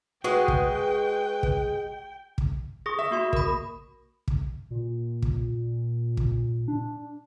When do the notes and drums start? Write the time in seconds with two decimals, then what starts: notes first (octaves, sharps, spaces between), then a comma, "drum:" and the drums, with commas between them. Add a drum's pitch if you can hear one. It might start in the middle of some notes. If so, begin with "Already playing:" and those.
0.24 G#3 F#4 G#4 B4 G5
0.48 drum: kick
1.43 drum: kick
2.38 drum: kick
2.86 G#4 C#6 D#6 A#6
2.99 E5
3.11 A#3 F#4 C6
3.33 A#4 B5, drum: kick
4.28 drum: kick
4.70 A#2
5.22 drum: kick
6.17 drum: kick
6.68 D4